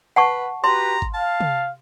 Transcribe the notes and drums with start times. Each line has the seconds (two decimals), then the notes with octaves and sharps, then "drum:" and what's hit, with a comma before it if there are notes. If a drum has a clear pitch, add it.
0.16 B4 F#5 A5 C#6
0.64 F#4 G4 B4 A#5 C6
1.02 drum: kick G#1
1.14 F5 A5
1.40 drum: tom